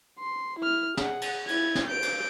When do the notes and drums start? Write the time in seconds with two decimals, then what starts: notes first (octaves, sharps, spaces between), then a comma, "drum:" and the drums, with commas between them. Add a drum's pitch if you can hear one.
0.19 C6
0.59 E4 F6
0.97 G#4 F#5, drum: snare
1.22 drum: cymbal
1.48 E4 G#6, drum: cymbal
1.75 drum: snare
1.87 G6 D7
2.02 drum: cymbal